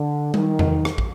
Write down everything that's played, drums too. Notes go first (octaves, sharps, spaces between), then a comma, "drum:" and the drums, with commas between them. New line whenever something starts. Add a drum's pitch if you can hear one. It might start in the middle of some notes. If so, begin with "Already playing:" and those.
Already playing: D3
D#3, drum: tom G3
drum: tom E2
drum: rim click
drum: kick